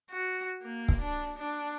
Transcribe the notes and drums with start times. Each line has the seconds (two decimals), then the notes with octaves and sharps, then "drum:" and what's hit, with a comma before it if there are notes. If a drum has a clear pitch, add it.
0.11 F#4
0.62 A#3
0.88 drum: kick
1.01 D4
1.38 D4